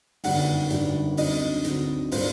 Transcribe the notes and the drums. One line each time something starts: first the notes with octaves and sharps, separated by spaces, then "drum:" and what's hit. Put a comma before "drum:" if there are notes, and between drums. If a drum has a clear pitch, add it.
G1 F#2 D#3 G3 F#5, drum: open hi-hat
G1 F#2 D#3 G3, drum: hi-hat
D2 D3 F#3 C4 D#4 D#5, drum: open hi-hat
D2 D3 F#3 C4 D#4, drum: hi-hat
A#2 G3 A#3 D#4 C5, drum: open hi-hat